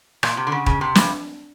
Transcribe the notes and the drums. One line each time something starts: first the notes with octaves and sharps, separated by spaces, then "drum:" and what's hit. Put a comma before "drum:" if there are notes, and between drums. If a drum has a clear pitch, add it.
A#2, drum: rim click
C3
D3
C#3
C#3, drum: kick D#1
C3
G2, drum: snare